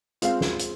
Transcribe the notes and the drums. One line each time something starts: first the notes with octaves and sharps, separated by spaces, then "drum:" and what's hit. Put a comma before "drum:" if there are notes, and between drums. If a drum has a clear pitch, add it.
G#3 C4 F4 G#4 F5, drum: hi-hat
drum: snare
drum: hi-hat